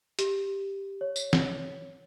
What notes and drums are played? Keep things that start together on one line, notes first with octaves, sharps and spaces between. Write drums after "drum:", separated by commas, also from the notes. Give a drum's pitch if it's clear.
G4, drum: hi-hat
C#5
drum: tambourine
drum: snare